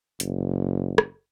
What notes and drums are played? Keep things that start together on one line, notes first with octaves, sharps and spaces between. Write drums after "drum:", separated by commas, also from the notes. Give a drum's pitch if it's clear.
F#1, drum: hi-hat
drum: rim click